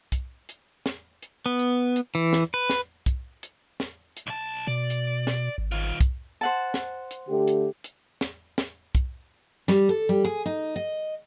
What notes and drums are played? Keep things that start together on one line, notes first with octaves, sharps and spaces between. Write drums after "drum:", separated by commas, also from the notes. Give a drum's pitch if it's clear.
drum: kick, hi-hat
drum: hi-hat
drum: snare
drum: hi-hat
B3
drum: hi-hat
drum: hi-hat
E3
drum: snare
B4
drum: snare
drum: kick, hi-hat
drum: hi-hat
drum: snare
drum: hi-hat
B1 A5
B2 D5
drum: hi-hat
drum: snare
G#1
D#3 F4
drum: kick, hi-hat
C5 F#5 A5
drum: snare
drum: hi-hat
D3 A3 G4
drum: hi-hat
drum: hi-hat
drum: snare
drum: snare
drum: kick, hi-hat
G3, drum: snare
A4
G3
G#4
D#4
D#5